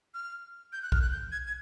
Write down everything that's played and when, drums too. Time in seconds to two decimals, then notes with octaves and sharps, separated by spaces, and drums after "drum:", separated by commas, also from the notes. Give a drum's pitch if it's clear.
0.14 F6
0.73 G6
0.83 F#6
0.92 F6, drum: kick B1
1.02 F#6
1.11 G6
1.32 G#6
1.47 G#6